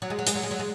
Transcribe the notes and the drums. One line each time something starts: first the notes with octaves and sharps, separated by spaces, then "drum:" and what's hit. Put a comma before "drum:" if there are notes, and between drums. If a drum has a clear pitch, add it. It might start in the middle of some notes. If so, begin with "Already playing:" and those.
F#3
G#3
F#3
G#3, drum: hi-hat
F#3
G#3
F#3
G#3